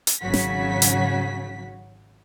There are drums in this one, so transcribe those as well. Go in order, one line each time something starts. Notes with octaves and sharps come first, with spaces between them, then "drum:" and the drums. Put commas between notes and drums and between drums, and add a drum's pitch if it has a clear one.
drum: hi-hat
G#1 C#3 F#3 F#4 B6
drum: snare
drum: hi-hat